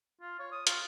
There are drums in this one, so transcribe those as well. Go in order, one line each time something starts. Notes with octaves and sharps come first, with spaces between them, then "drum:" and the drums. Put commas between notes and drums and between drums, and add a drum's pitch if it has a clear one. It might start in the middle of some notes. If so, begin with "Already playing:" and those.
F4
C#5
D#6
F4, drum: hi-hat